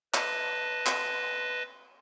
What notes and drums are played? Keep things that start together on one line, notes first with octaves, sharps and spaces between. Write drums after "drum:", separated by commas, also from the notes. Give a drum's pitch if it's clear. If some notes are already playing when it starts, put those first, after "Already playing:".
B4 D#5 A5, drum: clap
drum: clap